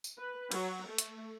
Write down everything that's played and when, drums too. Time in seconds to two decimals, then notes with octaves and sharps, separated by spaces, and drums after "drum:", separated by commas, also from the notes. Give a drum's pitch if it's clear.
0.04 drum: tambourine
0.18 B4
0.52 F#3, drum: cymbal
0.89 A3
0.98 drum: hi-hat